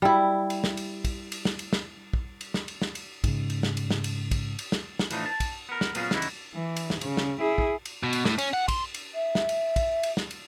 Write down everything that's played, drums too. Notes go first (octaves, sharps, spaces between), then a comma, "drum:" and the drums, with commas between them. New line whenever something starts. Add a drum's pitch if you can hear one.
G3 E4
drum: cymbal
drum: snare
drum: cymbal
drum: kick, cymbal
drum: cymbal
drum: snare
drum: cymbal
drum: snare
drum: kick
drum: cymbal
drum: snare
drum: cymbal
drum: snare
drum: cymbal
G#2 C#3, drum: kick, cymbal
drum: cymbal
drum: snare
drum: cymbal
drum: snare
drum: cymbal
drum: kick, cymbal
drum: cymbal
drum: snare
drum: snare
A2 E3 F3 A3 D4 D#4, drum: cymbal
A5
drum: kick, cymbal
B3 A#4
drum: snare
A#2 F#3 B3 C#4 F4 G#4, drum: cymbal
C#3 E3 D#4 E4 F#4, drum: snare
drum: cymbal
E3
drum: cymbal
drum: snare
C#3, drum: cymbal
drum: snare
E4 G#4
drum: kick
drum: cymbal
B2
drum: cymbal
A2, drum: snare
C#4, drum: cymbal
F#5
C6, drum: kick, cymbal
drum: cymbal
E5
drum: snare
drum: cymbal
drum: kick, cymbal
drum: cymbal
drum: snare
drum: cymbal